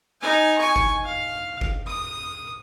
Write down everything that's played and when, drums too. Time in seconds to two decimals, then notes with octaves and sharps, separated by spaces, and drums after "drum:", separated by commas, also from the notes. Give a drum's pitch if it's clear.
0.21 D#4 G#5
0.58 G#5 C#6
0.76 drum: kick F#1
1.04 F5
1.61 drum: kick F#1
1.87 D#6